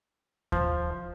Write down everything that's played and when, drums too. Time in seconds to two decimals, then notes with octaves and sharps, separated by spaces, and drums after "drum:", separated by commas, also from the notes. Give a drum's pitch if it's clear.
0.52 F3, drum: kick D#2